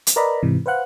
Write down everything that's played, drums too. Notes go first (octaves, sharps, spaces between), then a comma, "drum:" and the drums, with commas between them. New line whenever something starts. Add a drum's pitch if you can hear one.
drum: hi-hat
A#4 B4 D5 D#5 A#5 B5
G#2 C3 E3
B4 C5 F5 F#5 F#6